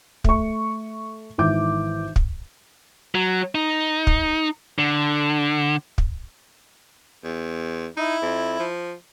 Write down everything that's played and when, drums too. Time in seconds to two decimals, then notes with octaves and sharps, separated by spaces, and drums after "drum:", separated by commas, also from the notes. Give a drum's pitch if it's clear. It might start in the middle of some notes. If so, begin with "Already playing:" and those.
0.24 A3 C#6, drum: kick
1.38 G#1 E3 E5 D6 G6
2.16 drum: kick
3.15 F#3
3.55 D#4
4.07 drum: kick
4.79 D3
5.98 drum: kick
7.24 E2
7.97 D#4 E4
8.22 F2
8.59 F3